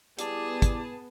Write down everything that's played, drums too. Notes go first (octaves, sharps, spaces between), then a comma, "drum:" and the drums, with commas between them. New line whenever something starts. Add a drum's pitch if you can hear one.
G3 B3 E4 G#4 A5 D6, drum: hi-hat
drum: kick, hi-hat